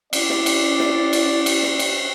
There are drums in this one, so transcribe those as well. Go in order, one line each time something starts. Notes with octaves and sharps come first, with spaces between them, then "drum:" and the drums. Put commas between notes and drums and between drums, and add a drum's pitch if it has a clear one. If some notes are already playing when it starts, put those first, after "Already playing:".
C#4 E4 D5, drum: cymbal
drum: snare
drum: cymbal
drum: snare
drum: cymbal
drum: cymbal
drum: snare
drum: cymbal